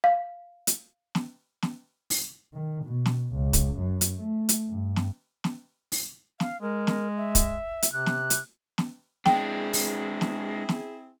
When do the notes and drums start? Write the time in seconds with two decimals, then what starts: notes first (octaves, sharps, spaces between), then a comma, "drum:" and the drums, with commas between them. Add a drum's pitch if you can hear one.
0.04 F5
0.67 drum: hi-hat
1.15 drum: snare
1.62 drum: snare
2.10 drum: open hi-hat
2.53 D#3
2.84 B2
3.06 drum: snare
3.33 C#2
3.53 drum: kick, hi-hat
3.78 F#2
4.01 drum: hi-hat
4.20 A3
4.49 drum: hi-hat
4.69 G2
4.96 drum: snare
5.44 drum: snare
5.92 drum: open hi-hat
6.40 F5, drum: snare
6.62 G#3 A#4
6.87 drum: snare
7.17 E5
7.35 drum: kick, hi-hat
7.82 drum: hi-hat
7.93 C3 F#6
8.06 drum: snare
8.30 drum: hi-hat
8.78 drum: snare
9.26 G#3 C4 D4 E4 G#4 G5, drum: snare
9.73 drum: open hi-hat
10.21 drum: snare
10.69 drum: snare